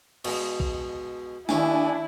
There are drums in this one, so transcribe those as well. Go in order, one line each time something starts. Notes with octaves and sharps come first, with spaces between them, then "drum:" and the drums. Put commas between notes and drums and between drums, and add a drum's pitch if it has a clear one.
B2 G#3, drum: cymbal
drum: kick A#1
D#2 D4 E4 C#5 G#5 D6, drum: snare